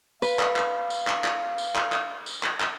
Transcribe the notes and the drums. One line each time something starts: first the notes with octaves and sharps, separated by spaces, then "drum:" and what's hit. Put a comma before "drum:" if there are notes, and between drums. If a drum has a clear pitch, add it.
B4 F5, drum: tambourine
drum: clap
drum: clap
drum: tambourine
drum: clap
drum: clap
drum: tambourine
drum: clap
drum: clap
drum: tambourine
drum: clap
drum: clap